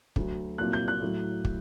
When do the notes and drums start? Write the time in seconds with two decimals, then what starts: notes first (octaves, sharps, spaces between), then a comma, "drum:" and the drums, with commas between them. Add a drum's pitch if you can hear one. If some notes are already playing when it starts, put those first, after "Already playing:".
0.16 D2 D3 F#3, drum: kick
0.58 C2 A#2 F#3 F#6
0.73 G6
0.88 F#6
1.02 A2 F#3
1.45 drum: kick